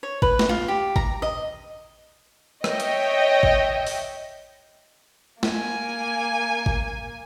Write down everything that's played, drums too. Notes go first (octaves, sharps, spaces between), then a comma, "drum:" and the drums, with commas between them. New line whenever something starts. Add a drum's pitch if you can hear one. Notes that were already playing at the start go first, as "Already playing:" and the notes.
C#5
B4, drum: kick G#1
drum: snare
F4
G4
A#5, drum: kick G#1
D#5
C#5 D#5 E5 G5, drum: rim click
drum: hi-hat
drum: kick G#1
drum: open hi-hat
A#3 G#5, drum: snare
drum: kick G#1